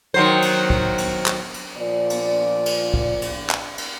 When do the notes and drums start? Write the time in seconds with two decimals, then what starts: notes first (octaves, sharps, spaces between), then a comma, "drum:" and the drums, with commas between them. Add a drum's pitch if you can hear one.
0.14 D#3 F#3 C5
0.42 drum: cymbal
0.70 drum: kick
0.98 drum: cymbal
1.26 drum: clap
1.54 drum: cymbal
1.77 A#2 F3 D5
2.10 drum: cymbal
2.66 drum: cymbal
2.94 drum: kick
3.22 drum: cymbal
3.50 drum: clap
3.78 drum: cymbal